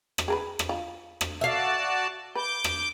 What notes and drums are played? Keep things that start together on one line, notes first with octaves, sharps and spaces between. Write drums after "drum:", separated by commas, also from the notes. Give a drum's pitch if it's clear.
drum: rim click
G#4 A#4 B4
drum: rim click
F4
drum: rim click
F#4 D5 E5 F5 A5
B4 D6 G6
drum: rim click